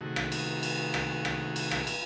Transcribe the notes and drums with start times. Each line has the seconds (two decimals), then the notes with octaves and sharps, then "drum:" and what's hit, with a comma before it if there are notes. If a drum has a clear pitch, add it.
0.01 C3 D#3 A3 F#4 G#4
0.16 drum: rim click
0.32 drum: cymbal
0.63 drum: cymbal
0.94 drum: rim click
1.25 drum: rim click
1.56 drum: cymbal
1.71 drum: rim click
1.87 drum: cymbal